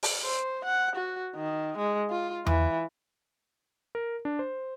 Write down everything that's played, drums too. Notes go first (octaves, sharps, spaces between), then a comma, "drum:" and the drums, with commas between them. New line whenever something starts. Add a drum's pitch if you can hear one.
drum: open hi-hat
C5
F#5
F#4
D#3
G#3
F4
E3, drum: tom E2
A#4
D4
C5